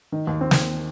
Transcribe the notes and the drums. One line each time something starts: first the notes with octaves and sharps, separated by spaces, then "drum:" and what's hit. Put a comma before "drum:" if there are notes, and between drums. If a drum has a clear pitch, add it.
D#3
D#2
C4
drum: snare